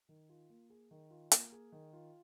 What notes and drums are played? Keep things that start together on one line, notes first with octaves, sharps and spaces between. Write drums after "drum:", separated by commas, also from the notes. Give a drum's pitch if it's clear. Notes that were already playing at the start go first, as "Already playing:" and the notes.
D#3
F4
A#3
G#4
D#3
F4
A#3, drum: hi-hat
G#4
D#3
F4